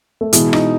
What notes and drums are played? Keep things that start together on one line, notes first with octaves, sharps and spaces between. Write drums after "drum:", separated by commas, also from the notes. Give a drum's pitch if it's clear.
A3
B2 E3 G#3, drum: hi-hat
D#4, drum: rim click